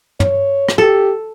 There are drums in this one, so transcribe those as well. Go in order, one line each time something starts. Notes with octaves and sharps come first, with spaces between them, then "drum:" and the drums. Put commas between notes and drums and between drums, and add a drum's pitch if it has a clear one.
C#5, drum: tom
drum: rim click
G4 A4